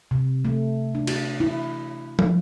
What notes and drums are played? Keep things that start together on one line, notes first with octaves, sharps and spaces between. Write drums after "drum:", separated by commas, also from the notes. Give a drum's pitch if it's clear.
C3
A3
D4
F#4, drum: cymbal
E4
drum: tom